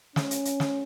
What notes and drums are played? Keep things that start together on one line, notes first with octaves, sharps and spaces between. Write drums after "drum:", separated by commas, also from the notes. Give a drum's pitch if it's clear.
C#4, drum: snare
drum: hi-hat
drum: hi-hat
drum: snare